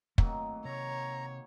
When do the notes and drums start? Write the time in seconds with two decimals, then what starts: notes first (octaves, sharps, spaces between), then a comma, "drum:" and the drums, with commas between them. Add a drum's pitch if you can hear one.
0.18 D#3 F#3 A3 A#3 C4, drum: kick
0.65 C3 C#5 A#5